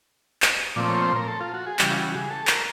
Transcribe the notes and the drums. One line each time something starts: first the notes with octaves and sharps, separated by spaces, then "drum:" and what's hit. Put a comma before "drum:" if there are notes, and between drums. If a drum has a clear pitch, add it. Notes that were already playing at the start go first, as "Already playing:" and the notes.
drum: clap
A#2 F3 A3 C4 D5
C#5
C5
A#4
A4
F4
F#4
G#4
C#3 E3 G3 G4, drum: clap
F4
F#4
G#4
A4
A#4, drum: clap